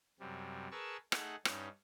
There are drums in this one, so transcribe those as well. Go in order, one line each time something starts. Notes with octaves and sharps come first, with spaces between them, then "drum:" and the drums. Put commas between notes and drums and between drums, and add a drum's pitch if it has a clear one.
F#2 C3 G3
G#4 A#4 B4 A5 C#6 E6
A3 D#4 G#4 A4 F#5, drum: rim click
G2 C#4 D#4, drum: rim click